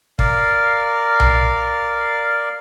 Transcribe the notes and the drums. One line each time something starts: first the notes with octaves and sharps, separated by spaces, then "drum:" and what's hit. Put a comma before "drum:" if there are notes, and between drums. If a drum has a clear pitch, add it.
A#4 D5 F5, drum: kick
drum: tom B1